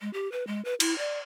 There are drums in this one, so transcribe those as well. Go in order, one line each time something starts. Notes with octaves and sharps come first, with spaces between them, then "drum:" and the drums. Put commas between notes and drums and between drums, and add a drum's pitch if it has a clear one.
G#3
G4
B4
G#3
B4
E4, drum: cymbal
D5